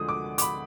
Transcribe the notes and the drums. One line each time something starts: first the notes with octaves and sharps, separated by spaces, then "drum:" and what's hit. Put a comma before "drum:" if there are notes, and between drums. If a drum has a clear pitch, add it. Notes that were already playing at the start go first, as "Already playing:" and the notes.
Already playing: D2 D3 F3 G#3 D#6
D6
D6, drum: hi-hat
B5